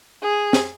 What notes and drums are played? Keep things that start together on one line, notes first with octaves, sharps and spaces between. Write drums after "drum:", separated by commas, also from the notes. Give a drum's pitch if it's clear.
G#4
drum: snare